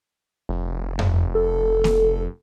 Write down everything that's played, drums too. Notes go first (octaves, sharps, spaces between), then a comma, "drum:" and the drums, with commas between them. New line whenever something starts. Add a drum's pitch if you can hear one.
F1
drum: tom F2
A4
drum: snare A#3